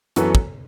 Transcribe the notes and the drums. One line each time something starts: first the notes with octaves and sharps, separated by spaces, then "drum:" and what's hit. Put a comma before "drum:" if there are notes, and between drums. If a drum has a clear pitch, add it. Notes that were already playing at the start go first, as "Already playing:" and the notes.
F#2 E3 B3 F#4 A4, drum: hi-hat
drum: kick